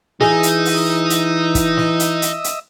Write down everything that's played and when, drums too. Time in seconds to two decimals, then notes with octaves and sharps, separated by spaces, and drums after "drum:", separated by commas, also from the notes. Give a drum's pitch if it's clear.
0.21 E3 D#4 G#4 D#5 E5, drum: snare
0.43 drum: hi-hat
0.65 drum: open hi-hat
1.10 drum: hi-hat
1.55 drum: kick, hi-hat
1.77 drum: snare
2.00 drum: hi-hat
2.22 drum: hi-hat
2.44 drum: hi-hat